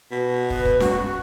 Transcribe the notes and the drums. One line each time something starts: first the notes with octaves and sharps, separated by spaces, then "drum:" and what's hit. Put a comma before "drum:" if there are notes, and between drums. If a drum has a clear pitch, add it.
B2
B4, drum: kick
drum: kick
F#4, drum: snare C#4